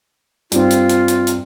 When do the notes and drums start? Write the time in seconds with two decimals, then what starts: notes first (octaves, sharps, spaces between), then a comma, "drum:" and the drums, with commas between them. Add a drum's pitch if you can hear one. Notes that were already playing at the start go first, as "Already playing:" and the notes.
0.52 G2 C4 F4, drum: hi-hat
0.70 drum: hi-hat
0.89 drum: hi-hat
1.08 drum: hi-hat
1.27 drum: hi-hat